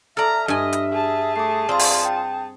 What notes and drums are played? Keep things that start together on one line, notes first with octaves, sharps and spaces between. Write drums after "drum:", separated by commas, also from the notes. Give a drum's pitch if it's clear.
A4 D5 E5 A#5 F6
G2 D#5 E5 G#5
drum: hi-hat
G#4 A5
A3 D6 C7
C4 F4 D5 F5 C6
drum: open hi-hat
G5